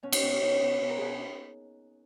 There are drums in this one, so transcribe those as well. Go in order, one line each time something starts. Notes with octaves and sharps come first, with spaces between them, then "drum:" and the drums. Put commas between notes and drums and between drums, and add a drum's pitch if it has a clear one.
B2 C#4
D#4, drum: cymbal
B2 C#4
C#4
B2 D#4
B2
B2
A#4
B2 G#4